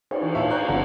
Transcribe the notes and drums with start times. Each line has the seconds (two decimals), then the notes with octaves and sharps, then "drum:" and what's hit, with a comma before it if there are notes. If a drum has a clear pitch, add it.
0.11 drum: cymbal
0.21 E3
0.35 A#2 C#5 E5 F5 A5 C#6
0.50 D5 F5 A#5 C#6 F#6 G6
0.68 G1 F3 C#4 D4 F#5 A#5